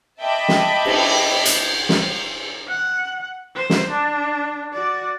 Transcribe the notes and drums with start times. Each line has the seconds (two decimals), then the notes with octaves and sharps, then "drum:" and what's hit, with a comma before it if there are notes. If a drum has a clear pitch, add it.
0.21 D#5 E5 G5 A5 B5 D6
0.48 drum: snare
0.85 drum: cymbal
1.45 drum: hi-hat
1.89 drum: snare
2.68 F#5
3.55 C5
3.70 drum: snare
3.91 D4
4.73 F#4 D5